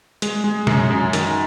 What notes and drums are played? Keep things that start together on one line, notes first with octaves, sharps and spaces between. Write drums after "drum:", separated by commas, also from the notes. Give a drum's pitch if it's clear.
G#3, drum: hi-hat
G#3
F#2, drum: snare
F#2
D#3, drum: hi-hat